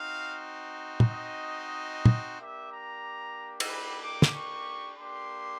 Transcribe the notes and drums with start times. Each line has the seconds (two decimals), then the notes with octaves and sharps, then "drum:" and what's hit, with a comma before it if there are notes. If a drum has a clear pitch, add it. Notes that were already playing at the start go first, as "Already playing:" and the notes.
Already playing: C4 D#4 F#4 F5
1.00 drum: tom
1.11 D#5
2.06 drum: tom
2.40 A#3 D4 G4 E5
2.73 A#5
3.60 drum: cymbal
3.69 B5
4.02 D6
4.22 drum: snare
4.34 C#6
4.98 A#3 D4 G4 C6